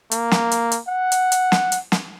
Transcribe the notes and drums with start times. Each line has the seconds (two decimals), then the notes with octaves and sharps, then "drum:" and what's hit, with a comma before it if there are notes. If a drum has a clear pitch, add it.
0.11 A#3, drum: hi-hat
0.31 drum: snare
0.52 drum: hi-hat
0.72 drum: hi-hat
0.88 F#5
1.12 drum: hi-hat
1.32 drum: hi-hat
1.52 drum: snare
1.72 drum: hi-hat
1.92 drum: snare